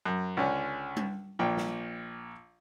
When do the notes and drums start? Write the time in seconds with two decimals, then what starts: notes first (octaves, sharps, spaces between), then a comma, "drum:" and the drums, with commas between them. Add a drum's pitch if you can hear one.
0.06 F#2
0.37 C#2 D3 C#4
0.97 drum: tom G3
1.39 A#1 A#2 G5
1.57 drum: snare